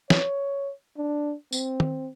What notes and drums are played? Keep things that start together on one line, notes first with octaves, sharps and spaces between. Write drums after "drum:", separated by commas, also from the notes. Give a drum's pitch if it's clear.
C#5, drum: snare
D4
C4, drum: tambourine
drum: tom